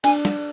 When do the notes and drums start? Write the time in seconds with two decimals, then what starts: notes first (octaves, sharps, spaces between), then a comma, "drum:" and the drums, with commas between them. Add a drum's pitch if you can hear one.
0.04 D4 G#5, drum: cymbal
0.25 drum: snare